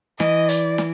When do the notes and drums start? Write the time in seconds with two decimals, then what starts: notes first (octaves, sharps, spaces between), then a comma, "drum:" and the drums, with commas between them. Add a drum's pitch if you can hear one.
0.20 E3 D#5, drum: snare
0.49 D5, drum: hi-hat
0.78 drum: snare